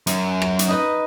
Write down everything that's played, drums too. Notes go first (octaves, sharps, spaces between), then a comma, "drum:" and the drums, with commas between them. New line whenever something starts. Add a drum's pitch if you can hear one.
F#2, drum: hi-hat
drum: rim click
drum: hi-hat
D#4 B4 D#5